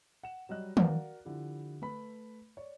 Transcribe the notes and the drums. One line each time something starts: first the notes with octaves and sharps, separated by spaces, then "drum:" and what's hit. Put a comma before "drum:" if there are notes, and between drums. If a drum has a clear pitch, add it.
F#5 E7
F#3 G3 D#5 F#6
F#4 A#4 D5 F5 F#5, drum: tom D#3
D3 F3 E4 G4
A3 B4 B5
C#5 D5